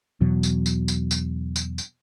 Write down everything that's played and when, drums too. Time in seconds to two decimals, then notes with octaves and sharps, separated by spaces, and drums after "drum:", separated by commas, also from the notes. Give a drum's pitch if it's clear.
0.21 E2 B2 F#3
0.43 drum: tambourine
0.66 drum: tambourine
0.88 drum: tambourine
1.11 drum: tambourine
1.56 drum: tambourine
1.78 drum: tambourine